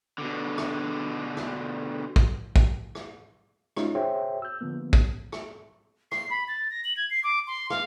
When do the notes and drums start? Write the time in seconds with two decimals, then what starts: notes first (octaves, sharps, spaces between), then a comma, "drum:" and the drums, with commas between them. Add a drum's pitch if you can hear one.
0.18 B2 D3
0.58 drum: rim click
1.37 drum: rim click
2.16 drum: kick
2.56 drum: kick
2.95 drum: rim click
3.77 G#3 C#4 D#4 F4, drum: rim click
3.95 F#4 G#4 C5 C#5 E5 G5
4.42 E6 G6
4.61 D3 F3 A#3 B3
4.93 drum: kick
5.32 drum: rim click
6.12 C7, drum: rim click
6.30 B5
6.48 A6
6.71 A#6
6.85 F#7
6.97 G#6
7.10 C7
7.24 D6
7.47 C6
7.70 F5, drum: rim click